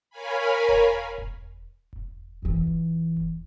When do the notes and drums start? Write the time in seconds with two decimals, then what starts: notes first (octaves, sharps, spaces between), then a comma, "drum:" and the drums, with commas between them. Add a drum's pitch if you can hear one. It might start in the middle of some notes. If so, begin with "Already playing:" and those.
0.10 A#4 C#5 F5 G#5 B5
0.69 drum: kick E1
1.18 drum: kick E1
1.93 drum: kick E1
2.42 F2 E3
2.67 drum: kick E1
3.17 drum: kick E1